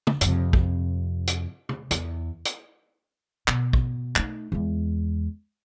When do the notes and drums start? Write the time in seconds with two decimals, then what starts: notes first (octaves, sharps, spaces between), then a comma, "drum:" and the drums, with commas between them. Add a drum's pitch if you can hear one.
0.07 drum: tom
0.21 F2 C3, drum: hi-hat
0.53 drum: kick
1.27 drum: hi-hat
1.69 drum: tom C3
1.91 E2, drum: hi-hat
2.45 drum: hi-hat
3.48 B2, drum: clap
3.73 drum: kick
4.16 A3 D#4, drum: clap
4.52 E2 G#3